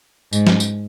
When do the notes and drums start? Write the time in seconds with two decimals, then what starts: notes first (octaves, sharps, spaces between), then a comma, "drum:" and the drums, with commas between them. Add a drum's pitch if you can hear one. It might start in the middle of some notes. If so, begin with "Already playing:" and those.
0.33 G#2, drum: tambourine
0.47 drum: snare
0.60 drum: tambourine